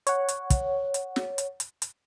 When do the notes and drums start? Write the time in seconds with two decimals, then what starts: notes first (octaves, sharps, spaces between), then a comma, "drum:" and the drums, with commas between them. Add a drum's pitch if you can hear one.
0.07 C#5 F#5, drum: hi-hat
0.28 drum: hi-hat
0.50 drum: kick, hi-hat
0.94 drum: hi-hat
1.16 drum: snare
1.38 drum: hi-hat
1.60 drum: hi-hat
1.82 drum: hi-hat